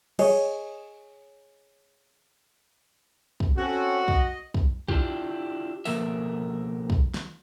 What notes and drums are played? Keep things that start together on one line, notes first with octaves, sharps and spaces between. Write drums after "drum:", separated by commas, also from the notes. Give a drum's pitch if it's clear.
G#4 C#5 D#5, drum: cymbal
drum: kick
C4 C#4 F#4 A4
D#5, drum: kick
drum: kick
D4 E4 F4 G4, drum: kick
B2 F3 A#3 A4 A#4 E5, drum: open hi-hat
drum: kick
drum: snare